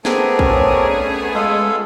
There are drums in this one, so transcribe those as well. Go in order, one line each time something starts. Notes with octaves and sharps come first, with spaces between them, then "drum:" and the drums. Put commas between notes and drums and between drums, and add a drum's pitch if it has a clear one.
A3 B3 C4 D4 G#4 A#4, drum: snare
C#4, drum: kick
G#3 F4 A4 F5